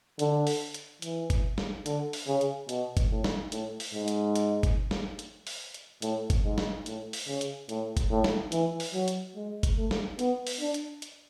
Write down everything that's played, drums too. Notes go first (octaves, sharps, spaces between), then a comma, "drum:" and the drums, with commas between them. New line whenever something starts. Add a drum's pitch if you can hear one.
D3, drum: hi-hat
drum: open hi-hat
drum: hi-hat
E3, drum: hi-hat
drum: kick, hi-hat
drum: snare
D3, drum: hi-hat
drum: open hi-hat
C#3
drum: hi-hat
B2, drum: hi-hat
drum: kick, hi-hat
A2
drum: snare
A2, drum: hi-hat
drum: open hi-hat
G#2
drum: hi-hat
drum: hi-hat
drum: kick, hi-hat
drum: snare
drum: hi-hat
drum: open hi-hat
drum: hi-hat
A2, drum: hi-hat
drum: kick, hi-hat
G#2
drum: snare
A2, drum: hi-hat
drum: open hi-hat
C#3
drum: hi-hat
A2, drum: hi-hat
drum: kick, hi-hat
A2
drum: snare
E3, drum: hi-hat
drum: open hi-hat
F#3
drum: hi-hat
G#3
drum: kick, hi-hat
A3
drum: snare
B3, drum: hi-hat
drum: open hi-hat
D4
drum: hi-hat
drum: hi-hat